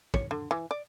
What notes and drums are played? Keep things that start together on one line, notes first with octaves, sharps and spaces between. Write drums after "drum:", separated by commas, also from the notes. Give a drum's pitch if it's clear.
C#5, drum: kick
D3
E3
D5